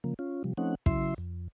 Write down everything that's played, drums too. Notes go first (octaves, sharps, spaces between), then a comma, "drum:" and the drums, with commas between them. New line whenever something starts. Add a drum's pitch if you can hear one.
C#3 F3 A#3
C#4 F4
C3 F3 G3
F3 A3 C4 C#4 D#4 F#5
C#3 F#3 E4 E5 C6, drum: kick
F2